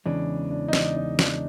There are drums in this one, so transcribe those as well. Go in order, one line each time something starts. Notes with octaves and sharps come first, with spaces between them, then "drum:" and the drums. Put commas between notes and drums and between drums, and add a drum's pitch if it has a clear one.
E2 C#3 E3 G#3 C#4 D4
D4
D#4
D4, drum: snare
D#4
D4, drum: snare